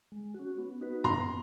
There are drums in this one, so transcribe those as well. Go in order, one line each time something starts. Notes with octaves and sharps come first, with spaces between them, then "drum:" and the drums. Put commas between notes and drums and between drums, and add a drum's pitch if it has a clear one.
G#3
C#4 F#4
B3
D#4 F#4 B4
B3 A#5 C6, drum: tom F#2